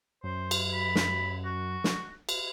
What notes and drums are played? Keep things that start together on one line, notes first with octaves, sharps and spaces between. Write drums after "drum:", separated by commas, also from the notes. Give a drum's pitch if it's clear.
F#2 C5
drum: cymbal
B5
drum: snare
F#4
drum: snare
drum: cymbal